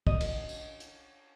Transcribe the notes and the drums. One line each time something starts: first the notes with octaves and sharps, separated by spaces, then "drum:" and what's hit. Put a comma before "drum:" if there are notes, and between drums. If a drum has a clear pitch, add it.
D#5, drum: kick
drum: cymbal
drum: tambourine
drum: hi-hat